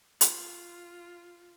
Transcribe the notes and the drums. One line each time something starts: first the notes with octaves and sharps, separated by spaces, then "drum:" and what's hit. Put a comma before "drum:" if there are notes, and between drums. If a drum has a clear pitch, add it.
F4, drum: hi-hat